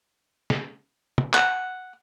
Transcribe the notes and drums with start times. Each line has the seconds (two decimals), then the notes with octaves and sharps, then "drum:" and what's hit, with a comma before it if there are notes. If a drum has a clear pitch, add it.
0.50 drum: snare
1.18 drum: tom
1.34 F#5, drum: clap